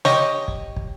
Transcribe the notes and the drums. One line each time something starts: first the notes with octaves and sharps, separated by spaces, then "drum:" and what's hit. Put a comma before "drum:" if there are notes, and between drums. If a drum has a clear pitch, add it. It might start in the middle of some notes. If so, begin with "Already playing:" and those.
G4 C#5 D#5, drum: snare
drum: kick
drum: kick